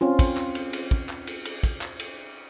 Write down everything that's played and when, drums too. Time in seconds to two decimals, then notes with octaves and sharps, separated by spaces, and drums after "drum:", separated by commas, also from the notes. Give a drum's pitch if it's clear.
0.01 C4 C#4 F4
0.19 drum: kick, cymbal
0.37 drum: clap
0.55 drum: cymbal
0.73 drum: cymbal
0.91 drum: kick
1.09 drum: clap
1.27 drum: cymbal
1.45 drum: cymbal
1.63 drum: kick, cymbal
1.81 drum: clap
2.00 drum: cymbal